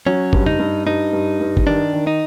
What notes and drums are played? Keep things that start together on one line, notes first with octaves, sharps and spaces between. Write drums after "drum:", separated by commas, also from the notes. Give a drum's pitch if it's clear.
F#3 C#4
G2, drum: kick G1
D#4, drum: tom
G2
G2 D#4
G2
G2
drum: kick G1
D#3 D4
D#3
D#4